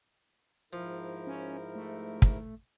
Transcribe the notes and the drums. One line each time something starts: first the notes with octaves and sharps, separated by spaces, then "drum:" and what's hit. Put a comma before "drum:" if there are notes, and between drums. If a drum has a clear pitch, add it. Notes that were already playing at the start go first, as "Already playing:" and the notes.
G#2 F3 E4 A#4
C#4
A3
drum: kick